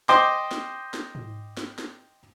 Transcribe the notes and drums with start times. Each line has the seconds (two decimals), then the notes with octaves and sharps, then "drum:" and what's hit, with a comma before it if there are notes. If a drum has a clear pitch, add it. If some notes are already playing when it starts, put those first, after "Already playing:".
0.09 C5 D#5 G5 C6 D6, drum: snare
0.51 drum: snare
0.94 drum: snare
1.15 drum: tom G#2
1.57 drum: snare
1.78 drum: snare